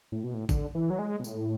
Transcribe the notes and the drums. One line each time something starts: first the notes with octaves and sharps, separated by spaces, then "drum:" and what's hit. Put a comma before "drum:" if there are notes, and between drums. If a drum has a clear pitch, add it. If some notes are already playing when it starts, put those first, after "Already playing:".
A2
B2
A2
D3, drum: kick, tambourine
E3
F#3
G#3
B2
A2, drum: tambourine